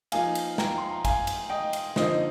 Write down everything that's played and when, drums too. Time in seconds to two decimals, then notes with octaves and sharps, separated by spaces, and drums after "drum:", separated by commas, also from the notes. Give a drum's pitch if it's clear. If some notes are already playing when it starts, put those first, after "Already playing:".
0.12 F3 A#3 D#4 F5 G#5, drum: cymbal
0.35 drum: cymbal
0.58 G5 A#5, drum: snare
0.78 C6
0.91 A#5
1.05 F5 G#5, drum: kick, cymbal
1.27 drum: cymbal
1.50 D#5 G5
1.73 drum: cymbal
1.96 D3 F3 A#3 D#4 C5 D#5, drum: snare